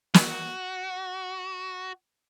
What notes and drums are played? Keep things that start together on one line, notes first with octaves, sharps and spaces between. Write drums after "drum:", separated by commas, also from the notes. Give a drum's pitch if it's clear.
F#4, drum: snare